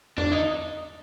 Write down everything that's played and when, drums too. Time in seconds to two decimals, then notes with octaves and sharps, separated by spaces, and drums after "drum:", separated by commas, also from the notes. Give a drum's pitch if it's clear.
0.18 D4, drum: tom E2
0.32 D#4